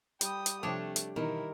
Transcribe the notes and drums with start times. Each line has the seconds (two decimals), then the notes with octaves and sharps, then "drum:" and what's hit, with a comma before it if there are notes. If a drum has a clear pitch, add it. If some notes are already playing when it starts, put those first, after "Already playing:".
0.21 G3 G5 D#6, drum: hi-hat
0.46 drum: hi-hat
0.63 C3 F3 A3 D4 C#5 G5
0.96 drum: hi-hat
1.16 B2 D#3 E3 E4 A#4